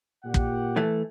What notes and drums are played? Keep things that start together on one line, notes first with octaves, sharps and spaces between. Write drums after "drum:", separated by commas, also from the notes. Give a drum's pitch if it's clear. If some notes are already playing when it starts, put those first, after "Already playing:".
A#2 G4 F#5
drum: kick
E3 A3